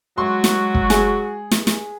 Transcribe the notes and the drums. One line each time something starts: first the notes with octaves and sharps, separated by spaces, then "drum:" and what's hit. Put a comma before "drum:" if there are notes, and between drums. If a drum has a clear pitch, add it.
F#3 G#3 F#4 C6
drum: snare
drum: kick
G#4, drum: snare
drum: snare
drum: snare